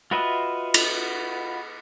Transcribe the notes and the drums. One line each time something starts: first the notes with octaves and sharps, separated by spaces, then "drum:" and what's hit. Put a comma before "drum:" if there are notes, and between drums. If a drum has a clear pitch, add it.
F4 F#4 B4 D#5 E5
drum: cymbal